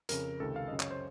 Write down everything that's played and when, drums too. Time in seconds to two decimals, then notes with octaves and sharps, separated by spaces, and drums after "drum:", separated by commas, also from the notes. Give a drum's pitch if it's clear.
0.09 F2 C#3 A#4, drum: hi-hat
0.40 C#2 C3 D#3 A4
0.56 F5
0.68 F#2 C#3 D#5
0.80 C#5, drum: clap
0.91 C5